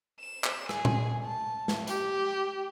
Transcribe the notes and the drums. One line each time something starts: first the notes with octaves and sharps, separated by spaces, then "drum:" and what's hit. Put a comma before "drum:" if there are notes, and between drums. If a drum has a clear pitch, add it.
E7
drum: clap
G#4, drum: rim click
drum: tom A#2
A5
drum: snare
G4, drum: tambourine